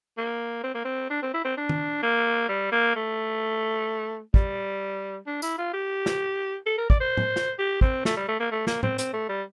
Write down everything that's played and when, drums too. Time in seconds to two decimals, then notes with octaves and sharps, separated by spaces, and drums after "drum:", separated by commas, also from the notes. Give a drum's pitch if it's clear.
0.18 A#3
0.63 C4
0.75 A#3
0.85 C4
1.10 D4
1.22 C4
1.34 E4
1.44 C4
1.57 D4
1.69 drum: tom D#3
2.03 A#3
2.49 G3
2.72 A#3
2.96 A3
4.34 G3, drum: kick
5.27 D4
5.42 E4, drum: tambourine
5.58 F4
5.73 G4
6.06 drum: snare
6.66 A4
6.78 A#4
6.90 D5, drum: kick
7.00 C5
7.17 drum: tom A2
7.36 drum: snare
7.59 G4
7.81 C4, drum: kick
8.05 A3, drum: snare
8.17 G3
8.28 A3
8.40 A#3
8.51 A3
8.67 A#3, drum: snare
8.83 C4, drum: tom A2
8.98 C4, drum: hi-hat
9.13 A3
9.29 G3